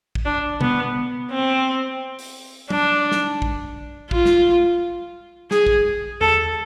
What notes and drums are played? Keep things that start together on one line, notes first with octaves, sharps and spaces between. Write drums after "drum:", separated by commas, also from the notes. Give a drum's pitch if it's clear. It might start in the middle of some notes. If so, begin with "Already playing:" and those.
drum: kick
D4
B3, drum: tom B2
C4
drum: open hi-hat
D4, drum: tom F#3
drum: snare
drum: kick
F4, drum: kick
drum: snare
G#4, drum: snare
drum: kick
A4, drum: tom E2